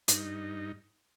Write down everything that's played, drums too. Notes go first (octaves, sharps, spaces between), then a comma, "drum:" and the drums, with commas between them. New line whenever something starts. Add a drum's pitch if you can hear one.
G2 D#4, drum: hi-hat